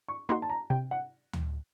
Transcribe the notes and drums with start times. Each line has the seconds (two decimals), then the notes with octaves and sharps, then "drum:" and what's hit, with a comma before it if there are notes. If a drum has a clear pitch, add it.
0.08 C#6
0.29 A#3 D#4 F#4 C6
0.42 A5
0.50 A#5
0.70 C3 G5
0.91 F#5
1.33 drum: tom D2